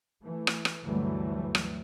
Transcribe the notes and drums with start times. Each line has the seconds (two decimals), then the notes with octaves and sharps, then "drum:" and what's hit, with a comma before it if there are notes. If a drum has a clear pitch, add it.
0.23 E3 A3
0.47 drum: rim click
0.65 drum: rim click
0.83 D2 G2 E3 F#3 G3 A3
1.55 drum: rim click